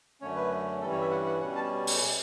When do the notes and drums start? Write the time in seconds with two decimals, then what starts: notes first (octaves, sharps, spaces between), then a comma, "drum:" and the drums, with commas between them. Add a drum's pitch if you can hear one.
0.21 F#2 D3 A3 C#4 C#5
0.36 B4
0.81 G2 E3 G3 C#4 A4
0.91 C#5
1.01 E5
1.11 F#5
1.26 F#5
1.41 B2 G3 C#4 F#5
1.55 A5
1.87 drum: open hi-hat